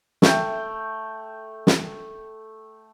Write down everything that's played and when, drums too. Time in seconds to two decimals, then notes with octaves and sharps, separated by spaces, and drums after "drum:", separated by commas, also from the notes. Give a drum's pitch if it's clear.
0.22 A3 G5, drum: snare
1.67 drum: snare